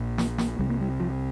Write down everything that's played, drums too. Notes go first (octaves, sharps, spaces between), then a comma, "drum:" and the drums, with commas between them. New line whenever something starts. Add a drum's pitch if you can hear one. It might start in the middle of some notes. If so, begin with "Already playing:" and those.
Already playing: A#1 A#2
A#3, drum: snare
A#3, drum: snare
C2 C3 G3
A#3
G3
F3